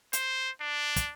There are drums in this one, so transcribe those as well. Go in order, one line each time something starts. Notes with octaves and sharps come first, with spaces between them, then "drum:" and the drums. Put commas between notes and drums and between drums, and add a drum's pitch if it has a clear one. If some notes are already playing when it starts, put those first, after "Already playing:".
C5, drum: hi-hat
D4
drum: kick, hi-hat